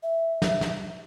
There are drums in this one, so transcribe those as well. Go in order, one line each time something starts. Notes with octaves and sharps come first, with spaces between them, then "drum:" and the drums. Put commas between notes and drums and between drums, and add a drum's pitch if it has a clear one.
E5
drum: snare
drum: snare